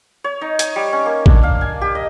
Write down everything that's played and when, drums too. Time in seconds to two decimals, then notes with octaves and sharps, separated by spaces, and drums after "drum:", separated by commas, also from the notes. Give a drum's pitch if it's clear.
0.24 C#5
0.41 D#4
0.59 G#5, drum: hi-hat
0.76 G3
0.93 C#4
1.06 A#3
1.26 D4, drum: kick A1
1.43 F5
1.61 G#5
1.81 G4
1.95 D#5